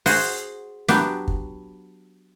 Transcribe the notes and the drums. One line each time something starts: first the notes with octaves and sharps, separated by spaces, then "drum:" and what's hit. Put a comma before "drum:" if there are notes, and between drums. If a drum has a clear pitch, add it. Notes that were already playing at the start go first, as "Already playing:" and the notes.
F#4 G#4 C5 F#5, drum: open hi-hat
F#3 B3 D4 G4, drum: snare
drum: kick